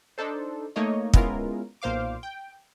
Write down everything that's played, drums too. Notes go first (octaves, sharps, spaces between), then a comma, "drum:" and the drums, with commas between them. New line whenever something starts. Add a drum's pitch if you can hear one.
D4 D#4 A4 C5
A3 A#3 D#4 C#5 D#5
G#3 B3 C#4 E4 F4 A#4, drum: kick
B1 A#2 C5 F5 D6
G5